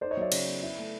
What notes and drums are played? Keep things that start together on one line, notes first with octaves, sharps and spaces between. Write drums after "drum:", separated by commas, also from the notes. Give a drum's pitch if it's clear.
D#4 C5 D5
C#5 D#5
F#3 D5 E5
C#3, drum: cymbal
B3
E4
A3